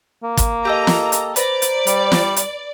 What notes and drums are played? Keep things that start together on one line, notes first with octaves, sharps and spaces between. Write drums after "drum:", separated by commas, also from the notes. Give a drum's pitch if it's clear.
A#3
drum: kick, hi-hat
G4 A4 D#5 A#5
drum: snare
drum: hi-hat
B4 C5 D5 A#5, drum: hi-hat
drum: hi-hat
G3, drum: hi-hat
drum: snare
drum: hi-hat